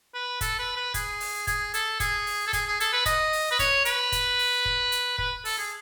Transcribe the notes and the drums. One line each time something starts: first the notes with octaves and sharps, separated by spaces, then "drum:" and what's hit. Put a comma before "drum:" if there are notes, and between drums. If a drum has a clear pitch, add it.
B4
A4, drum: kick, hi-hat
B4
B4
G#4, drum: kick, hi-hat
drum: open hi-hat
G#4, drum: kick, hi-hat
A4, drum: hi-hat
G#4, drum: kick, hi-hat
drum: open hi-hat
A4
G#4, drum: kick, hi-hat
G#4
A4, drum: hi-hat
B4
D#5, drum: kick, hi-hat
drum: open hi-hat
B4
C#5, drum: kick, hi-hat
B4, drum: hi-hat
drum: kick, hi-hat
drum: open hi-hat
drum: kick
drum: hi-hat
B4, drum: kick
A4, drum: open hi-hat
G#4